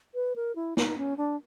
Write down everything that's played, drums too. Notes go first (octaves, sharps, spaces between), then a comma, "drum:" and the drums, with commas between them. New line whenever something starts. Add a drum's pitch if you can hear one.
B4
A#4
E4
D#4, drum: snare
C#4
D4